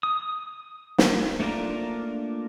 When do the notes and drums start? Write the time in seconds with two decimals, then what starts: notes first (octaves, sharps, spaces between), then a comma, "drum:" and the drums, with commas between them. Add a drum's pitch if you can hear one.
0.03 D#6
0.98 drum: snare
1.40 A3 A#3 D4 F4 A#4